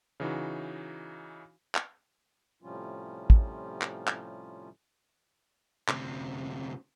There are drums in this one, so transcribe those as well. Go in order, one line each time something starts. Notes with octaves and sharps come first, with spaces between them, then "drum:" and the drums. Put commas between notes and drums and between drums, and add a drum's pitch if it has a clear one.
C#3 E3 D#4 F#4
drum: clap
A2 C3 F3 G3 C#4 F4
drum: kick
drum: clap
drum: clap
D2 C3, drum: clap